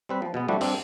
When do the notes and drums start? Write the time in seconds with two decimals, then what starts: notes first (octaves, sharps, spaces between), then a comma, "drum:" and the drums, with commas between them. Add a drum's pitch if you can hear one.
0.09 G3 C4 B4
0.22 F3
0.34 B2 G#3 B3
0.48 F3 G3 A3 D4 E4 F#4
0.61 G2 C4 D4, drum: open hi-hat